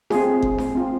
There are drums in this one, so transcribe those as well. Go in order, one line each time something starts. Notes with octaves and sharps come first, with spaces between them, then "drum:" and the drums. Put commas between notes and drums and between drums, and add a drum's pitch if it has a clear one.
C4 F4 G#4, drum: snare D4
drum: kick G1
drum: snare D4
C4 F4